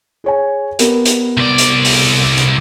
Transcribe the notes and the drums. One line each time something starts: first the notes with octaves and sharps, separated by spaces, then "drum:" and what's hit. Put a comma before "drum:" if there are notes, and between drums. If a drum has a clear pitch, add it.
G#4 C#5 G#5
B3 G4 A#4, drum: hi-hat
drum: hi-hat
C2 D5
drum: hi-hat
drum: open hi-hat
drum: hi-hat